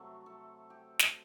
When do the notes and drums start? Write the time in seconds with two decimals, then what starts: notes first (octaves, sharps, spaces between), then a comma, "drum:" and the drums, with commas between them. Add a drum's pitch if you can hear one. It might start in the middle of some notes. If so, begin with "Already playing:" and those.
Already playing: C3 F#3 A3 A4
0.26 A4
0.70 G4
0.99 drum: snare